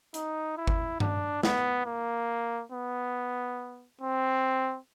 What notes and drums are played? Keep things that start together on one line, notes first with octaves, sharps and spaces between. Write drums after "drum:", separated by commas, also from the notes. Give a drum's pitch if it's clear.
D#4, drum: hi-hat
E4
drum: kick G1
D4, drum: tom G2
B3, drum: snare
A#3
B3
C4